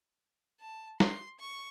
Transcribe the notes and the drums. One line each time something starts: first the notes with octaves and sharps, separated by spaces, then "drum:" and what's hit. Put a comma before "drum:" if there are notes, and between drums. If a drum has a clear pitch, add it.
A5
C6, drum: snare
C#6